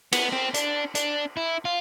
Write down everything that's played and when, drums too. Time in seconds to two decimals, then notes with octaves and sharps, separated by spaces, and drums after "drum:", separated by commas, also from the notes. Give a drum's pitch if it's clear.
0.12 B3, drum: cymbal
0.33 C4
0.54 D4, drum: hi-hat
0.95 D4, drum: hi-hat
1.37 E4
1.65 F4